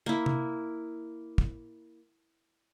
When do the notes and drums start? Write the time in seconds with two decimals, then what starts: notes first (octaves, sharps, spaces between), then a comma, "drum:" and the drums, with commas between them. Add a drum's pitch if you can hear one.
0.06 A#3 E4
0.26 drum: tom C3
1.38 drum: kick